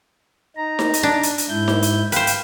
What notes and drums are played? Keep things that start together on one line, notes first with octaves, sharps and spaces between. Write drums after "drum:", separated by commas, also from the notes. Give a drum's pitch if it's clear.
D#4 A#5
drum: snare D#4
drum: hi-hat
D4
drum: hi-hat
drum: hi-hat
G#2 E4 G6
drum: snare D#4
drum: hi-hat
B4 C5 F5 G5, drum: hi-hat
drum: hi-hat